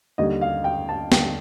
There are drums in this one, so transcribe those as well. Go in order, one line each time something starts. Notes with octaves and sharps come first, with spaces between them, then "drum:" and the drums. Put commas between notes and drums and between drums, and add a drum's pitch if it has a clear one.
D#2 D3 G3 D#5
F5
G5
A5
D#2 D3 G3 G5, drum: snare